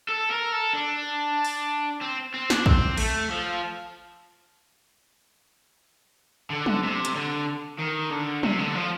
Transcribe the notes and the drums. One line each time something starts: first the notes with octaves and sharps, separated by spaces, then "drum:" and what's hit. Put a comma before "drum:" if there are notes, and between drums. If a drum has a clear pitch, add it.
A4
A#4
A4
D4
drum: open hi-hat
C4
C4
D4, drum: snare
C4, drum: kick
A3, drum: cymbal
F3
D3
drum: tom
C3
drum: hi-hat
D3
D#3
D3
C3, drum: tom
D3
F3